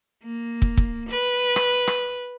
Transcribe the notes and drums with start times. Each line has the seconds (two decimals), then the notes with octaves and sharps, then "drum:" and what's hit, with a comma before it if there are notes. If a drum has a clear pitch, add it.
0.23 A#3
0.62 drum: kick
0.77 drum: kick
1.09 B4
1.56 drum: rim click
1.87 drum: rim click